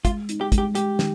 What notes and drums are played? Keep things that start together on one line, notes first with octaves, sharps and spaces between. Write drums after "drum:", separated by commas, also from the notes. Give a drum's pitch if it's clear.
G#3 F4, drum: kick, hi-hat
D#4, drum: hi-hat
G4
G#3, drum: kick, hi-hat
G4
G#3 G4, drum: hi-hat
D#3, drum: snare